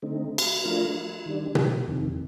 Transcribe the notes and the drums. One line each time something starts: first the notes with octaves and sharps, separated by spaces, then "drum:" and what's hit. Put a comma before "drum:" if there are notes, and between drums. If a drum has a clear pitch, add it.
D3 A3 C4 D#4
drum: cymbal
F3 A3 D4 F4 A#4
D#3 G3 D4
drum: tom B2
F2 C3 D#3